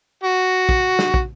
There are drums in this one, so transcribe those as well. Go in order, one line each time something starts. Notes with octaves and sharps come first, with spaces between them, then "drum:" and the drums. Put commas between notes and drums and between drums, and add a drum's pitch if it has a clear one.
F#4
drum: kick
drum: snare
drum: kick